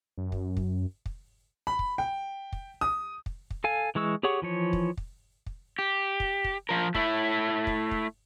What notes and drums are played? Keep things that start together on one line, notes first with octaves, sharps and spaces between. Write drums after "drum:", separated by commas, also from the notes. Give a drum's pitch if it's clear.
F#2
drum: kick
drum: kick
drum: kick
B5
drum: kick
G5
drum: kick
D#6
drum: kick
drum: kick
A4 F5 G#5
E3 G#3 C#6 E6
G4 G#4 C#5 F#5 C#6
E3 F3 C#5
drum: kick
drum: kick
drum: kick
G4
drum: kick
drum: kick
F3 A#4
A3 E4, drum: kick
drum: kick
drum: kick